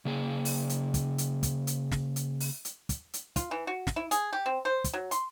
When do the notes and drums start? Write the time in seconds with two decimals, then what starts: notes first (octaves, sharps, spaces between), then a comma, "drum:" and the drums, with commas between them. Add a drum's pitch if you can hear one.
0.05 C#3 A#3 G#4
0.45 drum: open hi-hat
0.69 drum: hi-hat
0.94 drum: kick, hi-hat
1.18 drum: hi-hat
1.43 drum: kick, hi-hat
1.67 drum: hi-hat
1.92 drum: snare
2.16 drum: hi-hat
2.40 drum: open hi-hat
2.65 drum: hi-hat
2.89 drum: kick, hi-hat
3.14 drum: hi-hat
3.36 F4, drum: kick, hi-hat
3.51 E3
3.67 F#4
3.87 drum: snare
3.96 E4
4.11 G#4, drum: hi-hat
4.33 G4
4.46 C4
4.65 C5
4.84 drum: kick, hi-hat
4.94 F#3
5.11 C6, drum: hi-hat